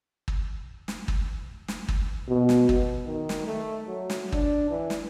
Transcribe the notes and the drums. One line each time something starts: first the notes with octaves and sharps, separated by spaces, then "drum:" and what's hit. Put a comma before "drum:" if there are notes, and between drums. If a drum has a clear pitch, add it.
drum: kick
drum: snare
drum: kick
drum: snare
drum: kick
B2
drum: snare
drum: kick
D#3
drum: snare
A3
F#3
drum: snare
D4, drum: kick
E3
drum: snare